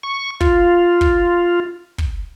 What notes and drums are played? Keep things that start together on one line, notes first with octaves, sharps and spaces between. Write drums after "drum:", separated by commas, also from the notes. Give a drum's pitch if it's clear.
C#6
F4, drum: kick
drum: kick
drum: kick